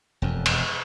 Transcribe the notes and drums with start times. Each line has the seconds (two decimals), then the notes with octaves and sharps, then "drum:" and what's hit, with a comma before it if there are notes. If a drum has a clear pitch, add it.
0.22 E1 F2
0.46 drum: cymbal